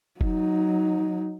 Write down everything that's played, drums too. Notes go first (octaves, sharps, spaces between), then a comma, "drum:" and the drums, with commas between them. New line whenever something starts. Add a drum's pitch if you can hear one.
F#3 D#4, drum: kick F1